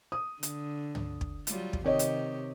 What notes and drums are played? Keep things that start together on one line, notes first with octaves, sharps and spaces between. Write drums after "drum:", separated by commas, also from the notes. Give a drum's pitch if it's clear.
D#6
D3, drum: hi-hat
drum: tom
drum: kick
F#3 G3 F4, drum: hi-hat
drum: kick
C3 D#3 C4 G4 C#5 D#5
drum: hi-hat